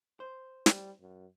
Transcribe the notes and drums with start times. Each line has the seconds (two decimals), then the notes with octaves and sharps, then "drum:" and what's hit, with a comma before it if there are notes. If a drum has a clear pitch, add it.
0.20 C5
0.66 G3, drum: snare
1.01 F#2